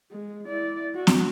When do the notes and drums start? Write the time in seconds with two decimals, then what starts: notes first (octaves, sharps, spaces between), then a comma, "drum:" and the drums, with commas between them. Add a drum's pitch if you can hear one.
0.11 G#3
0.47 E4 D5
0.96 F#4
1.07 drum: snare